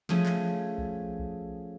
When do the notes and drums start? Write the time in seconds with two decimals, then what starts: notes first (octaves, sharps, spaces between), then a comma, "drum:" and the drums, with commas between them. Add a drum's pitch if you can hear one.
0.09 F3 A3 C#4 G#4, drum: snare
0.26 drum: clap
0.78 drum: kick B1
1.19 drum: kick B1